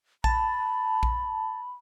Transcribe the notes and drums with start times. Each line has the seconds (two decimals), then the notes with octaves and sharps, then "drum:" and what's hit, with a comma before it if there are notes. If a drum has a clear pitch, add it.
0.24 A5 B5, drum: kick A#1
1.03 drum: kick A#1